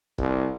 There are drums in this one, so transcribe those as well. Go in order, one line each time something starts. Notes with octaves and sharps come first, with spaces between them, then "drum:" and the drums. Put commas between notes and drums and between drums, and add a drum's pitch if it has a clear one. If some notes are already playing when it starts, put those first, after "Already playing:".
C2, drum: kick